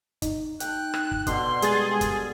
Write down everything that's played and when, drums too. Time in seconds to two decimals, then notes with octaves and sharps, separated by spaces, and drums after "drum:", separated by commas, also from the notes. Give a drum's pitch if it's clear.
0.22 D#4, drum: kick, hi-hat
0.60 G5 A5 F#6, drum: hi-hat
0.94 drum: rim click
1.11 drum: kick
1.27 B2 D3 D4 C6, drum: kick, hi-hat
1.62 G3 G#3 G#4 A6, drum: hi-hat
2.01 drum: kick, hi-hat